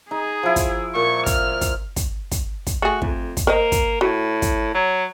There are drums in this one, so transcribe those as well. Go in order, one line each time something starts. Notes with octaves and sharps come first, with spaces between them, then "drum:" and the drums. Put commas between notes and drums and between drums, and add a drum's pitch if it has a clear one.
D#4 G#4
F3 E4
drum: kick, hi-hat
A#2 C#6
F6, drum: kick, hi-hat
drum: kick, hi-hat
drum: kick, hi-hat
drum: kick, hi-hat
drum: kick, hi-hat
A3 F#4 G#4
F2, drum: kick
drum: kick, hi-hat
A#3 A#4 C5 D#5
drum: kick, hi-hat
A2 F#4
drum: kick, hi-hat
F#3